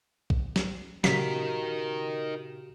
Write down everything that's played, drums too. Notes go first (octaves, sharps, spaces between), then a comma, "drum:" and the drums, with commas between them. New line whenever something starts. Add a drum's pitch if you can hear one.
drum: kick
drum: snare
A#2 C#3 D#4 F#4 G4 A#4 F5 B6, drum: snare